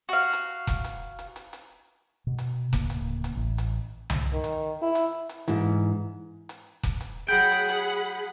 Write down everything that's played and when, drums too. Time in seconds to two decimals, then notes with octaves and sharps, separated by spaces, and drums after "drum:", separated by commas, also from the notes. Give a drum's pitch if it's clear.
0.09 F#4 F5
0.33 drum: hi-hat
0.67 drum: kick F1, hi-hat
0.84 drum: hi-hat
1.19 drum: hi-hat
1.36 drum: hi-hat
1.53 drum: hi-hat
2.27 B2
2.38 drum: hi-hat
2.73 D1 C#3 A#3, drum: kick F1, hi-hat
2.90 drum: hi-hat
3.24 drum: hi-hat
3.36 A1
3.58 drum: hi-hat
4.10 drum: tom C2
4.33 D#3
4.44 drum: hi-hat
4.82 E4
4.95 drum: hi-hat
5.29 drum: hi-hat
5.48 G#2 E3, drum: hi-hat
6.49 drum: hi-hat
6.83 drum: kick F1, hi-hat
7.01 drum: hi-hat
7.28 F#3 G#4 F#5 G5 B5
7.52 drum: hi-hat
7.69 drum: hi-hat